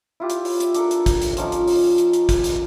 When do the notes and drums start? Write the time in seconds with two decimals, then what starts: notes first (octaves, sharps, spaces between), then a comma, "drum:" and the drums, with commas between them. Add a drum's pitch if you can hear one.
0.20 E4 F4 G4
0.30 drum: hi-hat
0.45 drum: open hi-hat
0.60 drum: hi-hat
0.75 D4 A4 A#4, drum: hi-hat
0.91 drum: hi-hat
1.06 drum: kick, hi-hat
1.22 drum: hi-hat
1.37 F3 C#4 D#4, drum: hi-hat
1.52 drum: hi-hat
1.68 drum: open hi-hat
1.98 drum: hi-hat
2.13 drum: hi-hat
2.29 drum: kick, hi-hat
2.44 drum: hi-hat